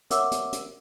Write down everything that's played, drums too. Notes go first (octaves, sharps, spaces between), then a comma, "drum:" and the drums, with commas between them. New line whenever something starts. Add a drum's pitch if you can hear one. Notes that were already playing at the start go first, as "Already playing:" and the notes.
A#4 C#5 E5 F#5 D6 E6, drum: hi-hat
drum: hi-hat
drum: hi-hat